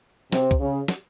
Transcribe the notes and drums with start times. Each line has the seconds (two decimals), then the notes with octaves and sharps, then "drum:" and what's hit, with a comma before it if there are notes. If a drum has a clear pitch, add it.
0.33 C3, drum: snare
0.51 drum: kick C2, hi-hat
0.61 C#3
0.88 drum: snare